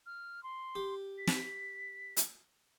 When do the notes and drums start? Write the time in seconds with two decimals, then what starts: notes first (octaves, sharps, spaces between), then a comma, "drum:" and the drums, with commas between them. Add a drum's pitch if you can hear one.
0.06 F6
0.43 C6
0.75 G4
1.18 B6
1.27 drum: snare
2.17 drum: hi-hat